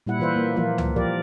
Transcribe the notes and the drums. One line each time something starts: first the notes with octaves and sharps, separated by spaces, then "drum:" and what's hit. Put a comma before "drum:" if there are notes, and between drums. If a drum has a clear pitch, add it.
A#2 G3 E4 F#5
E3 F4 B4 C5 E5
A#3
E3 F3 A#3 F4
drum: tom C#2
F3 G4 A#4 D5